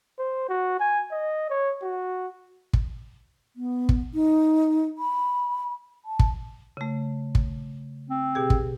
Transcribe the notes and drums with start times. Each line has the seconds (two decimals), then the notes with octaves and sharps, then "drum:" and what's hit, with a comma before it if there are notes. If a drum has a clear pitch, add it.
0.18 C5
0.49 F#4
0.80 G#5
1.11 D#5
1.50 C#5
1.82 F#4
2.73 drum: kick
3.56 B3
3.89 drum: kick
4.14 D#4
4.98 B5
6.05 A5
6.19 drum: kick
6.77 C#3 A3
7.35 drum: kick
8.10 C4
8.35 B2 G4 G#4
8.50 drum: kick